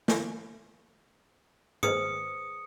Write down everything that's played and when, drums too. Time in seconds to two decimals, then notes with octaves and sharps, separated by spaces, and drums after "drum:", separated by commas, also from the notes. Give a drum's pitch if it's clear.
0.08 drum: snare
1.83 G#4 B4 C5 D#6 C#7, drum: tom G2